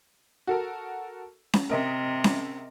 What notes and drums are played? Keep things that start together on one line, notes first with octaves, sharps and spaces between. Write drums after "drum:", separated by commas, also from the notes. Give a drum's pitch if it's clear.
F#4 A4 A#4
drum: snare C#4
C3 A#4 D#5 E5
drum: snare C#4